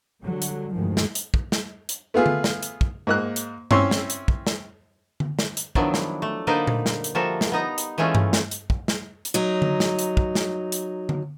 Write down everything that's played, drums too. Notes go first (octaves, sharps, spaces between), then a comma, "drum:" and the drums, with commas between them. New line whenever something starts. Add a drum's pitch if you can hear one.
D3 F#3 G3
drum: hi-hat
D2 G2 B2 D#3 F3 G#3
drum: snare
drum: hi-hat
drum: kick
drum: snare
drum: hi-hat
A3 B3 F4 G#4
drum: tom D3
drum: snare
drum: hi-hat
drum: kick
G#2 A#3 F#6
drum: hi-hat
C4 C#4 E4 C#5 C6, drum: tom G2
drum: snare
drum: hi-hat
drum: kick
drum: snare
drum: tom D3
drum: snare
drum: hi-hat
D#3 F3 F#3 B3 D4 E4, drum: kick
drum: snare
A3
D3 A#3 D#4 B4 C5 D5
drum: tom A#2
drum: snare
drum: hi-hat
F3 G3 A#3 F#4 A4 E5
drum: snare
B3 D#4 A#5
drum: hi-hat
E3 G#3 A3 C#4 F4
drum: tom G2
drum: snare
drum: hi-hat
drum: kick
drum: snare
drum: hi-hat
F#3 D#4
drum: tom D3
drum: snare
drum: hi-hat
drum: kick
drum: snare
drum: hi-hat
drum: tom D3